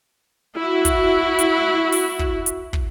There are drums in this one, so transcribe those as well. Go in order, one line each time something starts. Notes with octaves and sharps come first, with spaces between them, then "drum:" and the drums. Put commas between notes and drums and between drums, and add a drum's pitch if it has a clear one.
E4 F#4
drum: kick, hi-hat
drum: hi-hat
drum: open hi-hat
drum: kick
drum: hi-hat
drum: kick